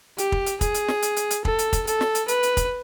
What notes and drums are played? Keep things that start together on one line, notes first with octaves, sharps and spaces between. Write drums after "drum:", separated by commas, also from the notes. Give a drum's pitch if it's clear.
G4, drum: hi-hat
drum: kick
drum: hi-hat
G#4, drum: kick, hi-hat
drum: hi-hat
drum: snare
drum: hi-hat
drum: hi-hat
drum: hi-hat
A4, drum: kick
drum: hi-hat
drum: kick, hi-hat
A4, drum: hi-hat
drum: snare
drum: hi-hat
B4, drum: hi-hat
drum: hi-hat
drum: kick, hi-hat